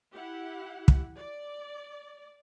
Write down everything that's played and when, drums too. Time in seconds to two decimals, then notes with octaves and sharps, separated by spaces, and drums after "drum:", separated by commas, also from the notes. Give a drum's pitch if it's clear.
0.13 E4 G4 F#5
0.88 drum: kick
1.19 D5